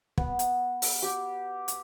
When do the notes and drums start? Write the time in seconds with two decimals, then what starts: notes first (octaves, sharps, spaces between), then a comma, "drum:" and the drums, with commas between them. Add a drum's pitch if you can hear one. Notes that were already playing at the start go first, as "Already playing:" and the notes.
0.18 B3, drum: kick
0.39 drum: hi-hat
0.82 drum: open hi-hat
1.02 G4
1.68 drum: hi-hat